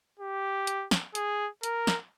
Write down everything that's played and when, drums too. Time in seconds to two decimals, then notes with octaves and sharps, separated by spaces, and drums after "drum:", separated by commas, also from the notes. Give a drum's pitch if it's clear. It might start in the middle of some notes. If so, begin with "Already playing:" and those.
0.19 G4
0.67 drum: hi-hat
0.91 drum: snare
1.15 G#4, drum: hi-hat
1.63 A#4, drum: hi-hat
1.87 drum: snare